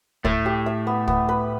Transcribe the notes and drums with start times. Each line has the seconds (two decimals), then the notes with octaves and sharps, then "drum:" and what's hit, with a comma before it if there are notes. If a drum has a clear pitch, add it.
0.24 A2 A3 E5, drum: kick
0.46 G4
0.66 E5
0.87 B3
1.08 B3, drum: kick
1.29 B4